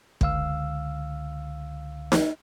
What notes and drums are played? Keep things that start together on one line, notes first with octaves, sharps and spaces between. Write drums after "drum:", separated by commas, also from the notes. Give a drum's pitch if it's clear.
C#2 D3 F5 E6, drum: kick
drum: snare D#4